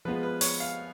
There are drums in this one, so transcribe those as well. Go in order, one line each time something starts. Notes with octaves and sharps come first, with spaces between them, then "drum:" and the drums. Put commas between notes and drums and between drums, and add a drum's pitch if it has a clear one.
F3 G#3 B3 F4 B4
B4
C#5, drum: open hi-hat
F5